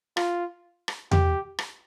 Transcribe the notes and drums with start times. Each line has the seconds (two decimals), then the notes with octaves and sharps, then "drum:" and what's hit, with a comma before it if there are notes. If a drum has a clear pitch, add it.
0.17 F4, drum: rim click
0.88 drum: rim click
1.11 G4, drum: tom E2
1.59 drum: rim click